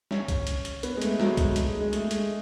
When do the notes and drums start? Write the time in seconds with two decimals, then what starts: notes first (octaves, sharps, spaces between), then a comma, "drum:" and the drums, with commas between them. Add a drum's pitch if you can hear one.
0.11 C#4, drum: snare
0.28 drum: kick, hi-hat
0.47 drum: hi-hat
0.65 drum: hi-hat
0.83 B3, drum: hi-hat
0.97 G#3
1.02 A3, drum: hi-hat
1.20 F#3, drum: snare
1.37 G#3, drum: kick, hi-hat
1.56 G#3, drum: hi-hat
1.69 G#3
1.80 G#3
1.93 A3, drum: hi-hat
2.11 G#3, drum: hi-hat